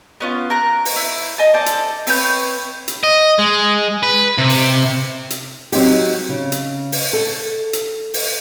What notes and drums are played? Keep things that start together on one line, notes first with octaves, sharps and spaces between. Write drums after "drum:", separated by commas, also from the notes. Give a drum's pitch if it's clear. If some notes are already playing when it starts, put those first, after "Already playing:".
B3 C#4 F4
A#4 A#5 F#6
drum: open hi-hat
E4
D#5 G#5 A5
A4 C5 D5
drum: hi-hat
C4 B4 C#5 G6, drum: open hi-hat
drum: hi-hat
D#5
G#3
B4
C3
drum: open hi-hat
drum: hi-hat
F#3 C4 D#4 G4, drum: open hi-hat
C#3
drum: hi-hat
drum: open hi-hat
A4
drum: hi-hat
drum: open hi-hat